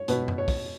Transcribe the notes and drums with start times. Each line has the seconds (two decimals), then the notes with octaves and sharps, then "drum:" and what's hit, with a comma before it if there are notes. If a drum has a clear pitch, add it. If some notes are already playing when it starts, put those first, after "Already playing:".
Already playing: C#5
0.08 B2 B4, drum: hi-hat
0.28 drum: tom F#2
0.38 C#5
0.48 drum: kick, open hi-hat